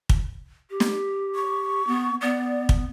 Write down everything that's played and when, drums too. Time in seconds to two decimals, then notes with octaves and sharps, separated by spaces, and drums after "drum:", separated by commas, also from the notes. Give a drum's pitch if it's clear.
0.09 drum: kick
0.70 G4
0.80 drum: snare
1.35 C#6
1.87 B3
2.22 B3 D5
2.69 drum: kick